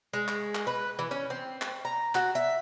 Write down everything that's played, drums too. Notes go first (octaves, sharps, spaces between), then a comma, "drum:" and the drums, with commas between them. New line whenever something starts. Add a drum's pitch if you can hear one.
G#3
drum: clap
drum: clap
B4
E3
C#4
C4
drum: clap
A#5
F#4, drum: clap
E5